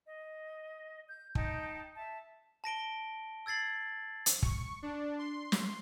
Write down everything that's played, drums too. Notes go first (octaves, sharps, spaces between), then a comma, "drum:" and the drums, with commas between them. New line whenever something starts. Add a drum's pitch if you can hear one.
D#5
G6
D#4 D#5 G5 A5, drum: kick
E5 A5
A5 A#6 D7 G7
E6 G#6 A6 C7 F#7
drum: hi-hat
C#6, drum: kick
D4
C6
drum: snare